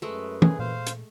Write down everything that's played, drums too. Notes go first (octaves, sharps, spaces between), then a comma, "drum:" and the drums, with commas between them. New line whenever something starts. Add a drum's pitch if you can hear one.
F#2 G#3 A3 B4
C#4 G#4, drum: tom
A#2 C5 F5
drum: hi-hat